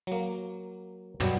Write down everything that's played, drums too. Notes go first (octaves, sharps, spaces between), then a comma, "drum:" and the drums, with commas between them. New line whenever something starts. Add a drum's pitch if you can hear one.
F#3 A#3
B2 F#3 G3 B3, drum: tom